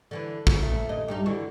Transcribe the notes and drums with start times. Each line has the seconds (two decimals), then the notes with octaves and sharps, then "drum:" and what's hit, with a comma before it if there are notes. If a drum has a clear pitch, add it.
0.11 D3 E3 B4
0.47 F#2 C#3, drum: kick A#1
0.63 A#2 A3
0.89 D#2 A#2 D#5
1.08 G2 G3 D#4
1.26 D3 E3 F#4